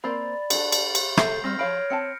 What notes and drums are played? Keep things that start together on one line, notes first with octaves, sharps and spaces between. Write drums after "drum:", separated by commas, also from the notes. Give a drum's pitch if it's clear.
A#3 C4 C5 D5 B5 A6
D4 F#4 A4, drum: cymbal
drum: cymbal
drum: cymbal
A4 E5 G6 C7, drum: rim click
G3 C4 F6 A#6
F3 C#5 F5 B5 F6 D7
C4 G5 A5 C#7